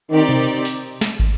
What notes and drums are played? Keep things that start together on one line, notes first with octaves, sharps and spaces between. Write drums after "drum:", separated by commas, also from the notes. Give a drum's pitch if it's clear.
D#3 C4 D#4 G4 D5
drum: tom B2
drum: open hi-hat
drum: snare
drum: kick